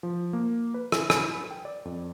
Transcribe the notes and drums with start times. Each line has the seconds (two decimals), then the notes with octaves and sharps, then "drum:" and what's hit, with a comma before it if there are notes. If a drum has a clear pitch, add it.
0.03 F3
0.33 A#3
0.74 B4
0.92 E4, drum: rim click
1.10 B5, drum: rim click
1.51 G5
1.65 D5
1.85 F2